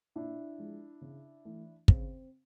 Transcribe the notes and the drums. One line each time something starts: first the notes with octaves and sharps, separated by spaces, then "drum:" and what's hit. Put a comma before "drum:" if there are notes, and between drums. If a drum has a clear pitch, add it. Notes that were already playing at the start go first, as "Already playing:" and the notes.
A#2 D4 E4
F3 G#3
C#3
E3 A3
C#3 C4, drum: kick